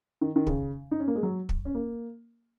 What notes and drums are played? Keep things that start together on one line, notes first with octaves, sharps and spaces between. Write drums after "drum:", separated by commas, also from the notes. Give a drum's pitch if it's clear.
D#3
D#3
C#3, drum: kick
D#4
C#4
A#3
G#3
F#3
drum: kick
C#4
A#3